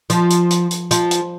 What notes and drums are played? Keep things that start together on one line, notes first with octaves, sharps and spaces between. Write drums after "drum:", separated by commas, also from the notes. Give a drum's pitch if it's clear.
F3, drum: hi-hat
drum: hi-hat
drum: hi-hat
drum: hi-hat
F3, drum: hi-hat
drum: hi-hat